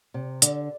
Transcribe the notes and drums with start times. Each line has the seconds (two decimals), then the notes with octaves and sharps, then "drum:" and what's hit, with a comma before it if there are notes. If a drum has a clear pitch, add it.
0.14 C3
0.42 D3, drum: hi-hat